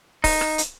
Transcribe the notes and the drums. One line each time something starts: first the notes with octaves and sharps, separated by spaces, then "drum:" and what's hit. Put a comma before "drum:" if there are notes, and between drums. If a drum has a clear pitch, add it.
D#4, drum: kick C#1, open hi-hat
drum: rim click
drum: hi-hat